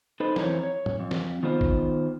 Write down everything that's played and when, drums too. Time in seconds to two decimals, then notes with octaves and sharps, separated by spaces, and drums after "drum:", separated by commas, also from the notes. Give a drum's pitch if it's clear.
0.20 D#4 A4 B4 C5
0.36 F2 E3 A#4 C5 C#5, drum: snare
0.63 C#5
0.86 drum: tom
1.00 F2
1.11 drum: snare
1.43 D#3 B3 F4 C5
1.61 drum: kick G#1